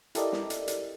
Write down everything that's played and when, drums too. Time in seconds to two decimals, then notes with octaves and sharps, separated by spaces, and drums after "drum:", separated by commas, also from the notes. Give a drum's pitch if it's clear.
0.15 E4 G4 A4 A#4 D5 D#5, drum: hi-hat
0.32 drum: snare
0.50 drum: hi-hat
0.68 drum: hi-hat